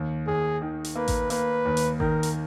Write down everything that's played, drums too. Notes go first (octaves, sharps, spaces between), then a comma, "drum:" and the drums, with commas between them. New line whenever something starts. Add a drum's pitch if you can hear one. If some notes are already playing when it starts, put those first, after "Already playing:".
Already playing: D#2
D#2 G#4
D#3
drum: hi-hat
A#3 B4
drum: kick A1, hi-hat
A#3 B4, drum: hi-hat
D#2
drum: hi-hat
D#3 A#4, drum: kick A1
drum: hi-hat